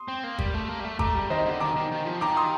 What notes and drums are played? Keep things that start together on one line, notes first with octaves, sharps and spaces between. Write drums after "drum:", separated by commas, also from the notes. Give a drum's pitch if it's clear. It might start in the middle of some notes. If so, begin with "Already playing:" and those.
Already playing: C6 D#6
C4
A#3
G3, drum: kick
A3
A#3
G3
A3
A3 A#5 D6, drum: kick
G3
D#3 C5 D#5
D3
D#3 A#5 D6
D#3
D#3
F3
D#3 A#5 D6
C6 D#6